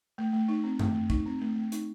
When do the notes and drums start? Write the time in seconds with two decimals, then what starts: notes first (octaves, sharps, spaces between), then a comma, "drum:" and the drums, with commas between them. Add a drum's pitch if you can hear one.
0.18 A3
0.33 A3
0.48 D#4
0.64 C4
0.79 A3, drum: tom F#2
0.94 A3
1.10 D#4, drum: kick
1.26 C4
1.41 A3
1.56 A3
1.72 D#4, drum: hi-hat